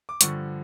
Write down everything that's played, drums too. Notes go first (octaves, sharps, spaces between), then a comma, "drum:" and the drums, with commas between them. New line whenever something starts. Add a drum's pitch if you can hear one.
D6
G2 D3 F3 C#6, drum: hi-hat